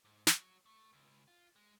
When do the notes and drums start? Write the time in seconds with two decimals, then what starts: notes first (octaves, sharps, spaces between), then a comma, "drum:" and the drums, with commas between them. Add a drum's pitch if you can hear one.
0.05 G#2
0.27 F#3, drum: snare
0.66 A3
0.93 C#2
1.28 F4
1.56 G#3